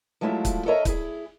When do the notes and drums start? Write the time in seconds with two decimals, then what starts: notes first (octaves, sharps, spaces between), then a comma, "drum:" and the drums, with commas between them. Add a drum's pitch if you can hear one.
0.21 F3 F#3 G#3 A3 E4 F4
0.45 drum: kick, hi-hat
0.66 A4 A#4 C#5 D#5 E5 A#5
0.85 E4 G#4, drum: kick, hi-hat